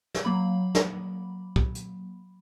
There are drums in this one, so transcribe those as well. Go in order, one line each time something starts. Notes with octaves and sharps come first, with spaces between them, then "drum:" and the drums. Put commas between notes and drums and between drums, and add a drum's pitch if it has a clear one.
drum: snare
F#3 A#3 B5
drum: snare
drum: kick
drum: hi-hat